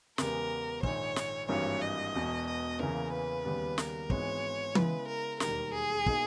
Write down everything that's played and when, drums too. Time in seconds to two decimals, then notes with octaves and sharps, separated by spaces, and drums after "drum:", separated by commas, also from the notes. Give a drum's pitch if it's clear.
0.18 E2 C#3 G#3 B3 G4 A#4, drum: snare
0.83 A#1 G#2 D#3 C#5, drum: kick
1.16 drum: snare
1.49 G#1 G2 E3 G3 A#3 C#5
1.82 D#5
2.14 E1 E2 B2
2.47 D#5
2.79 E2 C#3 E3 A#3 A#4
3.12 B4
3.45 D#2 C#3 G3 B3
3.78 A#4, drum: snare
4.10 G#1 G#2 E3 G#3 B3 C#5, drum: kick
4.75 C#3 G#3 B3 E4 B4, drum: tom E3
5.08 A#4
5.40 E1 D#2 D#3 G3 A#4, drum: snare
5.74 G#4
6.06 B2 A#3 D#4, drum: kick